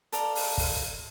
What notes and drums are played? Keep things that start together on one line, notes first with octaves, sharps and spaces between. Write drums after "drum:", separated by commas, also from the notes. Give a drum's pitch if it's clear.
A4 D5 F5 A#5, drum: hi-hat
drum: open hi-hat
drum: kick, open hi-hat